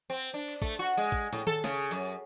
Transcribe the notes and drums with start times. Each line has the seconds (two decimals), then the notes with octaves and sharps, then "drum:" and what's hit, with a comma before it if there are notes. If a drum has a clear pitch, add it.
0.10 C4
0.34 D4
0.48 drum: cymbal
0.62 A3, drum: kick
0.79 F#4
0.97 G#3
1.12 drum: kick
1.33 A2, drum: tom
1.47 A4, drum: tom D#3
1.64 C#3, drum: snare
1.91 F#2